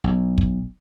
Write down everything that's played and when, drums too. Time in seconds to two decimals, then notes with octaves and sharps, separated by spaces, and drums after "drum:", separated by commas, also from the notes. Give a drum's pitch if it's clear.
0.04 B1
0.38 drum: kick